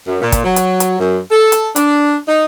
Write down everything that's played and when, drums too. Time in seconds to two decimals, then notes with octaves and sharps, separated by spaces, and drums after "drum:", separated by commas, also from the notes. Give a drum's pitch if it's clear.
0.07 F#2
0.22 A#2
0.32 drum: kick, hi-hat
0.44 F#3
0.56 drum: hi-hat
0.80 drum: hi-hat
0.99 F#2
1.32 A4
1.52 drum: hi-hat
1.76 D4, drum: hi-hat
2.27 D#4